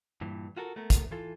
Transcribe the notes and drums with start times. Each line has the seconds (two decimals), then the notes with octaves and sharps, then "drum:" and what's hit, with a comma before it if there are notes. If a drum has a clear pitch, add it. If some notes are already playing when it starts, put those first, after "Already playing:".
0.21 G2 A#2 E3
0.57 F4 F#4 A4 A#4
0.76 A3 B3 A#4
0.90 drum: kick, hi-hat
1.11 E3 F4 A4